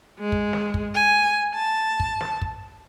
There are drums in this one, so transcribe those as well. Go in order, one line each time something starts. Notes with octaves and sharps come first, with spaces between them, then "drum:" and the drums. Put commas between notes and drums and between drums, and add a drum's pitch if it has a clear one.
G#3
drum: kick
drum: snare
drum: kick
G#5
A5
drum: kick
drum: snare
drum: kick